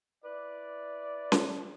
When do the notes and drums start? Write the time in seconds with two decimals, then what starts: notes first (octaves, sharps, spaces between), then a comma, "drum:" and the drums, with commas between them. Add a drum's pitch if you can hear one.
0.24 E4 B4 D5
1.32 drum: snare C#4